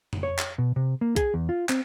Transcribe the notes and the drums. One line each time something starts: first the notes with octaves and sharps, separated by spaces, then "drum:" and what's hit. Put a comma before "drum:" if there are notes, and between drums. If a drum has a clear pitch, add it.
drum: tom
C#5
drum: clap
B2
C3
A#3
G#4, drum: kick, hi-hat
E2
F4
C4, drum: clap